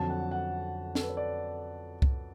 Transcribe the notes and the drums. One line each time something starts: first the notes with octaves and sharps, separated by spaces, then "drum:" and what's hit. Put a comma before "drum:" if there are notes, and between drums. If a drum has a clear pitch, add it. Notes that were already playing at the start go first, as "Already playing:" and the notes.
Already playing: F2 D3 F#3 A5
F#5
F#5
A4, drum: snare
B4
C#5
D5
drum: kick